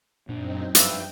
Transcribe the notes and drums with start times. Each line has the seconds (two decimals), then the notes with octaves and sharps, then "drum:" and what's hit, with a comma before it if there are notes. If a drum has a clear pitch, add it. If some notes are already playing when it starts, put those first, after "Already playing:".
0.29 F#2 A#2 C4 D4 D#4
0.75 G2 F3 B4 E5 G5, drum: hi-hat